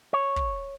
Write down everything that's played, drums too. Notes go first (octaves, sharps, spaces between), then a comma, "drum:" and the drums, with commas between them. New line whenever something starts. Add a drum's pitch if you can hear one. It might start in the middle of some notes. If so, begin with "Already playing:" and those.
C#5
drum: kick